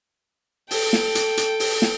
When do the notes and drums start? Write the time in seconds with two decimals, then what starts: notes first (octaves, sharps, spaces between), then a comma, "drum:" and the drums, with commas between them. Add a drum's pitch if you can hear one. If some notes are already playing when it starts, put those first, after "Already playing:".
0.71 A4 G5, drum: open hi-hat
0.93 drum: snare
1.15 drum: hi-hat
1.37 drum: hi-hat
1.60 drum: open hi-hat
1.82 drum: snare